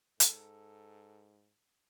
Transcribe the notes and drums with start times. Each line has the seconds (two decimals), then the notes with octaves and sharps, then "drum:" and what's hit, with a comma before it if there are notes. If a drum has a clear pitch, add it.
0.20 G#2 A4, drum: hi-hat